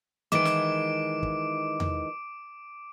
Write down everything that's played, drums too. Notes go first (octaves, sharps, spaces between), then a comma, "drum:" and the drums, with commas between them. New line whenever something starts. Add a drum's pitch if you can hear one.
D#3 E3 G#3 D6 D7
drum: snare
drum: kick
drum: tom E2